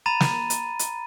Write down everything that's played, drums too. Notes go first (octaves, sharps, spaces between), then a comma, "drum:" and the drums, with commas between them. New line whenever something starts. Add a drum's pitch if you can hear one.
A#5 B5 A6 D#7
drum: snare
drum: hi-hat
drum: hi-hat